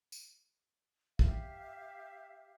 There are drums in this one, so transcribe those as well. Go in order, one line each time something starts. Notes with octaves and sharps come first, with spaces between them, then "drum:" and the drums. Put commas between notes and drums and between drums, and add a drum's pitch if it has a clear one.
drum: tambourine
G4 E5 F5, drum: kick